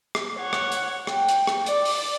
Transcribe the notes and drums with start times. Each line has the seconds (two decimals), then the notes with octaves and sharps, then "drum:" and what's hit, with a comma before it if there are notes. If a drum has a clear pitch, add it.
0.15 drum: rim click
0.37 C#5 F#5
0.53 drum: rim click
0.72 drum: hi-hat
1.07 G5, drum: rim click
1.29 drum: hi-hat
1.47 drum: rim click
1.66 D5, drum: hi-hat
1.85 drum: open hi-hat